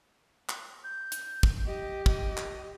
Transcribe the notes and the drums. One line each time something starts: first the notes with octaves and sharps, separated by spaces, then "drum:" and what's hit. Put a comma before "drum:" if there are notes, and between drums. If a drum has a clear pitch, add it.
drum: clap
G6
drum: hi-hat
drum: kick
G4 D#5
D#5, drum: kick
drum: clap